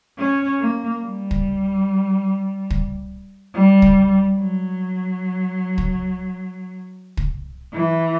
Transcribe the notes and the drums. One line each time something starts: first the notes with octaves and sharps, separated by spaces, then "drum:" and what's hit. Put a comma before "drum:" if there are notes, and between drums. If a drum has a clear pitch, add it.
C#4
A#3
G3
drum: kick
drum: kick
G3
drum: kick
F#3
drum: kick
drum: kick
E3